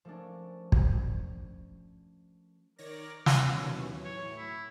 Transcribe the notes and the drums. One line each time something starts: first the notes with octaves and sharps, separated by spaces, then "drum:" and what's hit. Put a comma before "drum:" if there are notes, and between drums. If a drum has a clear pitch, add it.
F3 A3 A#3 C#4 D4
drum: kick
D#3 A#4 C#5 D5 A#6
D#2 B2 B3 C#4, drum: snare
E3 F#3
A2 C#5
E4